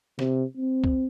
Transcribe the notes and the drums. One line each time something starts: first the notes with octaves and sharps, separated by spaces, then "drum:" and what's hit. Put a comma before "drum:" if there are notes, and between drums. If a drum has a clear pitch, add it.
C3, drum: snare
C4
drum: kick